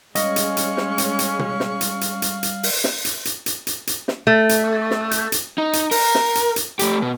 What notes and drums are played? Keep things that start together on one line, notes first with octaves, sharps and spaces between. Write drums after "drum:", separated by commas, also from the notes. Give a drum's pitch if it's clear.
G3 G#3 C#4 D#5 F5 C#6 F6, drum: hi-hat
drum: hi-hat
drum: hi-hat
drum: snare
drum: hi-hat
drum: hi-hat
drum: tom B2
drum: snare
drum: hi-hat
drum: hi-hat
drum: hi-hat
drum: hi-hat
drum: open hi-hat
drum: snare
drum: hi-hat
drum: hi-hat
drum: hi-hat
drum: hi-hat
drum: hi-hat
drum: snare
A3
drum: hi-hat
drum: snare
drum: hi-hat
drum: hi-hat
D#4
drum: hi-hat
A#4, drum: open hi-hat
drum: snare
drum: hi-hat
drum: hi-hat
A3 G4, drum: hi-hat
B2